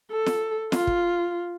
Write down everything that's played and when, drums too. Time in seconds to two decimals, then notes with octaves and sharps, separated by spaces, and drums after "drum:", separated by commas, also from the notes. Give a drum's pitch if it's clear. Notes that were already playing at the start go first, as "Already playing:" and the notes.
0.11 A4
0.26 drum: snare
0.72 F4, drum: snare
0.87 drum: kick